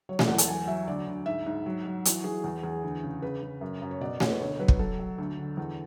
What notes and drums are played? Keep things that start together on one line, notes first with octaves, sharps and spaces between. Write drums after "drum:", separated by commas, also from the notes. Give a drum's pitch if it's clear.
F#3 C#5
D5, drum: snare A3
E2 F#5
A5, drum: hi-hat
F#3 G#5
F#3 E5
D2 D5
D2
G#2 E5
G#2
F#3
F#3
E3 F#4, drum: hi-hat
E3 G#4
E2
E2 G#4
D2
C#3
C#3 B4
C#3
F#2
F#2
C#5
B2 D5
B2 C#5, drum: snare A3
B4
D2 C#5
F#3 B4
drum: kick
F#3 A4
F#3
D2
D3
E2